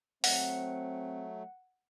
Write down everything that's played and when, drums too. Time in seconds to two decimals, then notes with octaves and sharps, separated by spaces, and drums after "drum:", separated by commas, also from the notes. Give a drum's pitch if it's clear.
0.24 F#3 A3 C4 F#5, drum: open hi-hat